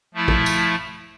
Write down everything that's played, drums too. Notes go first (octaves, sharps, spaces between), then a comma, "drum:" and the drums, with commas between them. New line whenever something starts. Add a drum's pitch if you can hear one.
F3 A3 E4
drum: kick
drum: tambourine